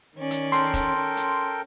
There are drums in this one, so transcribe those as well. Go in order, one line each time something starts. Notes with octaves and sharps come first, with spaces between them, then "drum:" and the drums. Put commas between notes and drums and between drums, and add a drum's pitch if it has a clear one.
D#3 C#4 D5
drum: hi-hat
A4 A#4 G5 C6, drum: hi-hat
drum: kick, hi-hat
C#4
drum: hi-hat